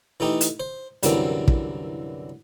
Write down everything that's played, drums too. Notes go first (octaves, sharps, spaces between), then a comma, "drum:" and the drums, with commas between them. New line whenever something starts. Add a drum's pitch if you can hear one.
E3 A3 D#4 G4
drum: hi-hat
C5
C2 F#2 D3 E3 A#3 C4, drum: hi-hat
drum: kick